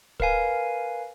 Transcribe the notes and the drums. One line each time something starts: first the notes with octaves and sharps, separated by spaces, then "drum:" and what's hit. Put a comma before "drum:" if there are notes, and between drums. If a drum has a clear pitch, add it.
A#4 B4 F5 G#5, drum: kick